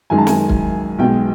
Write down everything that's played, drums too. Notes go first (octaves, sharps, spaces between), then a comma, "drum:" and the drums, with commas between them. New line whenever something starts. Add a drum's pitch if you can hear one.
F#2 D#3 G#3 G#5
A5
G#5, drum: snare
drum: kick
B1 B2 G#3 G5